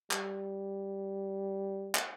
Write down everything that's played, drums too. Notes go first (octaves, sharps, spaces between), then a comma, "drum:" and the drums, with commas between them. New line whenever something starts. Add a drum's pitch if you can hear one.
G3, drum: clap
drum: clap